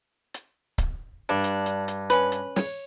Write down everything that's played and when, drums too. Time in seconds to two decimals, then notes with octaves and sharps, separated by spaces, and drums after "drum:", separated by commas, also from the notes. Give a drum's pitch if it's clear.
0.34 drum: hi-hat
0.78 drum: kick C#1, hi-hat
1.29 G2 D4
1.44 drum: hi-hat
1.66 drum: hi-hat
1.88 drum: hi-hat
2.10 C#4 B4, drum: hi-hat
2.32 drum: hi-hat
2.56 C#5, drum: snare